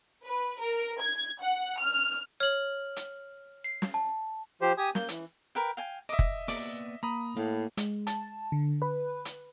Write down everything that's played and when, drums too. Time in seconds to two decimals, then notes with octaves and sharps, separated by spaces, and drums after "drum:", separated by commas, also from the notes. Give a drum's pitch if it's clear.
0.24 B4
0.61 A#4
1.01 G#6
1.41 F#5
1.81 F6
2.40 C#5 F6 F#7
2.96 drum: hi-hat
3.64 C7
3.82 drum: snare
3.94 A5
4.61 F3 G4 C5
4.78 G4 G#5 D#6
4.95 A#3 G6, drum: snare
5.08 E3, drum: hi-hat
5.55 A#4 B4 G5
5.77 F5 G5 G#5
6.09 D#5 E5 D6 D#6
6.19 drum: kick
6.48 A#3 B3 D5 D6, drum: open hi-hat
7.03 A#3 A#5 B5 D#6
7.37 A2 A#3 F5
7.77 G#3, drum: hi-hat
8.07 A5, drum: hi-hat
8.52 D3
8.82 B4
9.25 drum: hi-hat